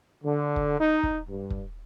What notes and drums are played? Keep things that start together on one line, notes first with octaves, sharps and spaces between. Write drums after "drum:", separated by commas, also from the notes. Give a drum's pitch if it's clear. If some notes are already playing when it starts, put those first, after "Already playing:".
D3
drum: kick
D#4
drum: kick
G2
drum: kick